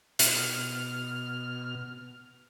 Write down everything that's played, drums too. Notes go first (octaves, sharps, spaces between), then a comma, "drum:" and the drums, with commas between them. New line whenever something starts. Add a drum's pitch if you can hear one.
B2 F6, drum: hi-hat